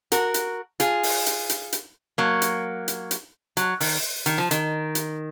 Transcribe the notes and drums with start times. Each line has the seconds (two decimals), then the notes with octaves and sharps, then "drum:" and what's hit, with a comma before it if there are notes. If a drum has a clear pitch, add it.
0.12 F#4 A#4, drum: hi-hat
0.34 drum: hi-hat
0.80 F4 G#4, drum: hi-hat
1.03 drum: open hi-hat
1.26 drum: hi-hat
1.49 drum: hi-hat
1.72 drum: hi-hat
2.18 F#3 A#3
2.42 drum: hi-hat
2.88 drum: hi-hat
3.11 drum: hi-hat
3.57 F#3, drum: hi-hat
3.80 D#3, drum: open hi-hat
4.26 D#3, drum: hi-hat
4.38 F3
4.51 D#3, drum: hi-hat
4.95 drum: hi-hat